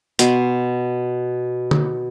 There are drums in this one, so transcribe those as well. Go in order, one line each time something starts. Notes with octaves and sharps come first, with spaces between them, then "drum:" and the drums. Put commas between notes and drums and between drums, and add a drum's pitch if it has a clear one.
B2 C6, drum: hi-hat
drum: tom